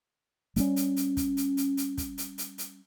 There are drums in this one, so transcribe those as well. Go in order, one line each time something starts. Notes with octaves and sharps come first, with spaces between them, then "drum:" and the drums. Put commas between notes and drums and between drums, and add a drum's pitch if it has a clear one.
G3 G#3 C#4, drum: hi-hat
drum: hi-hat
drum: hi-hat
drum: kick, hi-hat
drum: hi-hat
drum: hi-hat
drum: hi-hat
drum: kick, hi-hat
drum: hi-hat
drum: hi-hat
drum: hi-hat